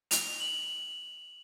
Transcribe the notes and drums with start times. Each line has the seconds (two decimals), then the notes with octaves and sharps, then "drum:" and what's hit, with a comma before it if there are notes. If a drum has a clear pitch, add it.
0.11 F7, drum: hi-hat
0.40 F#7